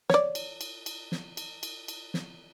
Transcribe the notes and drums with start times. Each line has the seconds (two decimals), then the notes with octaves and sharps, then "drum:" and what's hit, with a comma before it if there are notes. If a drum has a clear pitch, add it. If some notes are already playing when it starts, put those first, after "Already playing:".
0.10 C#5 D5, drum: snare
0.35 drum: cymbal
0.61 drum: cymbal
0.86 drum: cymbal
1.12 drum: snare
1.37 drum: cymbal
1.63 drum: cymbal
1.88 drum: cymbal
2.14 drum: snare